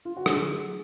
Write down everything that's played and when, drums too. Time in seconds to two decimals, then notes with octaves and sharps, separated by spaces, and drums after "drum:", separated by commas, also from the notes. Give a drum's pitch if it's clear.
0.05 F4
0.17 F#4
0.26 D3 G#4, drum: rim click
0.48 F#3 A3